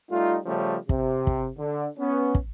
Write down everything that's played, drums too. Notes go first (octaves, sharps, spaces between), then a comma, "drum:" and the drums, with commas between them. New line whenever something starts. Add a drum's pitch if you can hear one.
G3 A3 D#4 F4
C#3 F3 G3 A3 C#4
C3, drum: kick
drum: kick
D3
B3 C#4
drum: kick